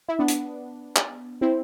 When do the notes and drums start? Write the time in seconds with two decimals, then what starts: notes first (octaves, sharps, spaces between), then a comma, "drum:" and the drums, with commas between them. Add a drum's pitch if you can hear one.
0.08 E4
0.19 B3 D4
0.28 drum: hi-hat
0.96 drum: clap
1.41 C4 E4